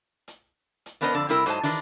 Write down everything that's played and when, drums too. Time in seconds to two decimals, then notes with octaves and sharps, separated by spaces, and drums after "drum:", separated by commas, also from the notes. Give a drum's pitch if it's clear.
0.28 drum: hi-hat
0.86 drum: hi-hat
1.01 E2 B3 D4 A#4 C5 D#5
1.14 F2 D3 D5
1.29 C3 G3 E4 A#4 G5
1.46 G#2 F#3 C5 D#5 A5, drum: hi-hat
1.63 D#3 E3 D4, drum: open hi-hat